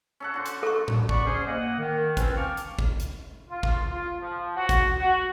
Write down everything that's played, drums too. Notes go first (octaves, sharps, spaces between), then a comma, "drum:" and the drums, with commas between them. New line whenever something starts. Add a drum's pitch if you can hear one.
C#4 A4 F#5
D3 F#4 C5
drum: hi-hat
A4 C#6
drum: tom A2
D5 F#5 B5 C#6, drum: kick
C#4 G#4 C5
A#3 D#5 F#5
D#3
C4 C#4 F4 B4 C5, drum: kick, hi-hat
F5 G5 A5 C#6 D6 F6
drum: hi-hat
drum: kick
drum: hi-hat
F4
drum: kick
F4
F3
F#4
drum: kick, hi-hat
F#4